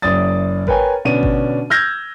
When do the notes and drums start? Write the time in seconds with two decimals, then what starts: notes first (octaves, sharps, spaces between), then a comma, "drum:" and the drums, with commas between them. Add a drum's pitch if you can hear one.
0.02 F#1 F#2 D5 D#6 A6
0.67 A#4 B4 C#5 G5 G#5, drum: kick G#1
1.05 B2 D3 C#4 D4 D#7
1.23 drum: kick G#1
1.70 E6 F6 G6 G#6 A#6